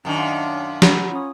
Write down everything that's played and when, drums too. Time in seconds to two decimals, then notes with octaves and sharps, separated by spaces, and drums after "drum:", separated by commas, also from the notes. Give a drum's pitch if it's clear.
0.05 F#2 D#3 D4 D#5 A5 A#5
0.18 F5 F#5 C6
0.82 F#5 A#5 B5, drum: snare
1.11 C#4 F4 D#6